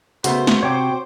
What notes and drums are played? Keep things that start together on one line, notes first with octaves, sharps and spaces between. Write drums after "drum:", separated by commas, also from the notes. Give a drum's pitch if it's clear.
C#3 A3 B3 F#4 C5, drum: hi-hat
drum: snare
C3 C#5 G5 D6